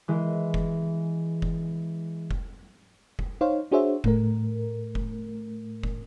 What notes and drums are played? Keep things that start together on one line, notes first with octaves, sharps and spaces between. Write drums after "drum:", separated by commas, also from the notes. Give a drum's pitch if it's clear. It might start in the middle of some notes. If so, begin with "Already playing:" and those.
E3 G#3
drum: kick F1
drum: kick F1
drum: kick F1
drum: kick F1
D#4 C5 C#5 F5
D4 F#4 G#4 C5 C#5 E5
A2 A3 A#4, drum: kick F1
drum: kick F1
drum: kick F1